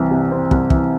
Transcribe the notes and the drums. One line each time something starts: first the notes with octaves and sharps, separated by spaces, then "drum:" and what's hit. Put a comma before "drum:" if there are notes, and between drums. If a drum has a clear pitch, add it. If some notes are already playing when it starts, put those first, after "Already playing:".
Already playing: C2 E3 C4
C3
C4
C2, drum: kick
E3, drum: kick